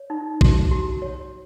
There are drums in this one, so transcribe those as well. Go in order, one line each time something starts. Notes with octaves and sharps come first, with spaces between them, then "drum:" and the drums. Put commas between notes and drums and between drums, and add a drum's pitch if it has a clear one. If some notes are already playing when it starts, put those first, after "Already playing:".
Already playing: C#5
D#4
F#4, drum: kick
F#4
C#5